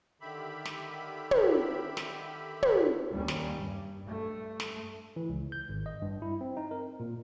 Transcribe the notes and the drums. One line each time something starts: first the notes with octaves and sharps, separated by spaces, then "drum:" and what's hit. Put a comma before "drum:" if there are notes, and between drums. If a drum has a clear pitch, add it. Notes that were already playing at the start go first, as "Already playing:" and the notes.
D3 D#3 G4 E5 B5
drum: snare
drum: tom
drum: snare
drum: tom
D#2 G3 C#4
drum: snare
G2
G2 A3
drum: snare
E3
C#2
G6
G#1
D#5
G2
E4
C4
D#4
A#4
A#2